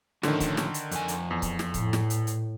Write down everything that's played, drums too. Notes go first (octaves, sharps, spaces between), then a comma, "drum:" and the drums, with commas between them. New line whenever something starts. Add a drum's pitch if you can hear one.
A2 D3 D#3 F3 C#4, drum: snare
drum: kick C#1, hi-hat
drum: snare
drum: hi-hat
F2 G#5, drum: hi-hat
drum: hi-hat
E2
drum: kick C#1, hi-hat
drum: snare
A2, drum: kick C#1, hi-hat
drum: snare
drum: hi-hat
drum: hi-hat